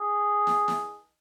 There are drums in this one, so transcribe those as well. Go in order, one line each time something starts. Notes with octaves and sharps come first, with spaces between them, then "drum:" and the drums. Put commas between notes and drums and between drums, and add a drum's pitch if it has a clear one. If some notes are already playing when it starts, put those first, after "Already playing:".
Already playing: G#4
drum: snare
drum: snare